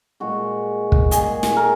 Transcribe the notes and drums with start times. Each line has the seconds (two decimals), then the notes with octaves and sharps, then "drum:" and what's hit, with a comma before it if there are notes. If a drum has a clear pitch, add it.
0.20 A#2 G#3 F#4
0.92 drum: kick
1.11 A#2 G#3 G#4, drum: hi-hat
1.43 drum: snare
1.57 A#4